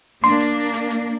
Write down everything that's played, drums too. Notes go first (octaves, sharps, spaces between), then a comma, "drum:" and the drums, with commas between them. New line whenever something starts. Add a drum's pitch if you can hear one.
A#3 D4 C6, drum: hi-hat
drum: hi-hat
drum: hi-hat
drum: hi-hat